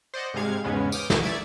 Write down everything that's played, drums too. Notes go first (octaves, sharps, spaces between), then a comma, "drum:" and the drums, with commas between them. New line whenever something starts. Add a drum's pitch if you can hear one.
C5 D5 D#5 F#5
G#2 C3 G3 G#3 F5 G#6
E2 G#2 C#3 G#3 B3 C#4
D6 D#6 F6 G6, drum: tambourine
C2 B2 G#4 C#6 D6 D#7, drum: snare
D5 E5 G#6